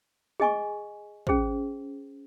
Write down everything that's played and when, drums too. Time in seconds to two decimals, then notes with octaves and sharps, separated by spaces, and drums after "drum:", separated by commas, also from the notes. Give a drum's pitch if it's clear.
0.40 G#4 D#5 G#5 C#6, drum: tom
1.27 C#4 G#4 C5, drum: kick